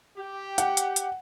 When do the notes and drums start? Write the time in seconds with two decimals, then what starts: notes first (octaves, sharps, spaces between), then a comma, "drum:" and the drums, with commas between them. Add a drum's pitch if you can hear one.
0.17 G4
0.58 F#5, drum: hi-hat
0.77 drum: hi-hat
0.96 drum: hi-hat